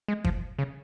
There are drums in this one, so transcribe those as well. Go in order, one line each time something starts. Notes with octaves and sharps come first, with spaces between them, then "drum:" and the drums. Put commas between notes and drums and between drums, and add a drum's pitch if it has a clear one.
G#3
F3, drum: kick
C#3